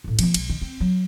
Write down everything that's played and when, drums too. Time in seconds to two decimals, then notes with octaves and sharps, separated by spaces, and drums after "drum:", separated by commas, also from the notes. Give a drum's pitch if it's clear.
0.04 C#2 A2
0.19 F3 A#3, drum: cymbal
0.34 B1 G#3, drum: cymbal
0.49 D#3
0.62 C4
0.80 F#3